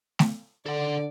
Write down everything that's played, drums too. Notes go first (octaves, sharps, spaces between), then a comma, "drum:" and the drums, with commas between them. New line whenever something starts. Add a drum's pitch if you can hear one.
drum: snare A3
D3 A4 D5 F#5